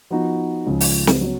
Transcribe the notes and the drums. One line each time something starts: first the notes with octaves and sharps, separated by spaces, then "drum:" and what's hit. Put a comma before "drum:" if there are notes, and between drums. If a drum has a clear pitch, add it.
F3 B3 D#4 F#4
C#2 C#3 F3
drum: open hi-hat
drum: snare
C#3 F#3 B3 F#4 C#5